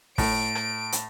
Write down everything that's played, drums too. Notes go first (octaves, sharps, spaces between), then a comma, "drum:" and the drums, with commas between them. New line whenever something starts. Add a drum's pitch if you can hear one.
A2 D7, drum: kick, open hi-hat
drum: rim click
drum: hi-hat